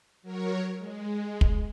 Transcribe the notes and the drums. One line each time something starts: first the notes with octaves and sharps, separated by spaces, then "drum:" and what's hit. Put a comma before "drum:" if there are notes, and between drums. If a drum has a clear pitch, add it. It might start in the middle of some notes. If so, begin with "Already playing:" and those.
F#3 A#4 C#5
G#3
drum: kick